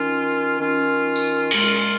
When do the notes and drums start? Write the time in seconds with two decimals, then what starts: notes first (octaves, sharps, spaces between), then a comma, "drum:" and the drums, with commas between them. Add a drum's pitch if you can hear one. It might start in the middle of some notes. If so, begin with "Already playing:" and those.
Already playing: D#3 C#4 F4
0.58 D#3 C#4 F4
1.15 drum: tambourine
1.51 A#2 G#3 F4, drum: cymbal